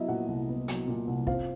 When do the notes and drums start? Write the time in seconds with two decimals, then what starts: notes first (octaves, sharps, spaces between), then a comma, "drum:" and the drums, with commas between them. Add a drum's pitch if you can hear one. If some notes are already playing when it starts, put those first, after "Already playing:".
Already playing: F#3 B3 E4 D#5 E5
0.08 A#2 F#4 F#5
0.28 C2
0.48 B3
0.68 F#3, drum: hi-hat
0.88 A#2
1.07 C2
1.27 C4 F4 F5, drum: kick